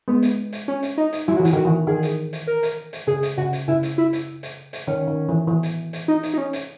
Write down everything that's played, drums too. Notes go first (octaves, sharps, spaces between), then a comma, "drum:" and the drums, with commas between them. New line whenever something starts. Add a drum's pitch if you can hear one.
G#3 B3
drum: hi-hat
drum: hi-hat
C#4
drum: hi-hat
D#4
drum: hi-hat
F#3 E4
E3 F#4
E4, drum: hi-hat
D#3 F#4
E3
D#3 G#4
drum: hi-hat
drum: hi-hat
A#4
drum: hi-hat
drum: hi-hat
C#3 G#4
drum: hi-hat
C#3 F#4
drum: hi-hat
C#3 E4
drum: hi-hat
E4
drum: hi-hat
drum: hi-hat
drum: hi-hat
D#3 C#4
D#3
E3
E3
drum: hi-hat
drum: hi-hat
D#4
drum: hi-hat
D#4
C#4
drum: hi-hat